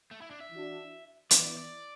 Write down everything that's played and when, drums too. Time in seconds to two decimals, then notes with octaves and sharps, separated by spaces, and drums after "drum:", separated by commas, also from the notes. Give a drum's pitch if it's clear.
0.11 A3
0.22 E4
0.31 D4
0.41 E5
0.50 E3 D4 F#4
1.31 E3 B3 E4 D5, drum: hi-hat
1.44 D5
1.57 D5